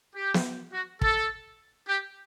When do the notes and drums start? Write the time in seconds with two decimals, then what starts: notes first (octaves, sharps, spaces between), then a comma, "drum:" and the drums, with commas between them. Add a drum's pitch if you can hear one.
0.15 G4
0.34 drum: snare
0.73 F#4
1.01 A4, drum: kick
1.88 G4